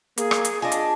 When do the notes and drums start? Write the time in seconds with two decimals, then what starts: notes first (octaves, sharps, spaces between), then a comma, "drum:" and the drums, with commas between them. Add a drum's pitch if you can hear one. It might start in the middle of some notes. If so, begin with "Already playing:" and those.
0.18 A#3 G#4, drum: hi-hat
0.31 drum: rim click
0.45 drum: hi-hat
0.62 D4 F4 G#4 D#5
0.72 drum: hi-hat